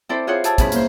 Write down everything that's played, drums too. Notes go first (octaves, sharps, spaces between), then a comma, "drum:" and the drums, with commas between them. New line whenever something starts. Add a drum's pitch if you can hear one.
C4 E4 A4 C5 D5
F4 G#4 C5 C#5 F#5
G4 G#4 G#5 A5 E6, drum: hi-hat
G2 B2 C#4 E4 G#4 B5, drum: kick, hi-hat
A#3 C5, drum: hi-hat